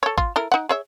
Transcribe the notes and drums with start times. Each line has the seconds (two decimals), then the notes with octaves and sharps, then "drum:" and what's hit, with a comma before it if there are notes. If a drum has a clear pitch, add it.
0.03 A4 C#5
0.18 F4, drum: kick G#1
0.36 E4 A4 A#4
0.52 D#4 F#5
0.69 G#4 C#5 E5